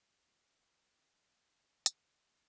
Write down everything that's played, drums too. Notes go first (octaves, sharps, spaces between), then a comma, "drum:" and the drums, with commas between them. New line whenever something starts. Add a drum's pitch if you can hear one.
B2
B1 A5
E2 D5 G5 C6
F2 A#2 C6
C3, drum: hi-hat